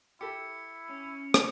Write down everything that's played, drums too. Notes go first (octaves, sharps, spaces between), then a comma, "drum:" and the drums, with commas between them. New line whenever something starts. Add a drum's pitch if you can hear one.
E4 G4 A4 C#7
C#4
drum: rim click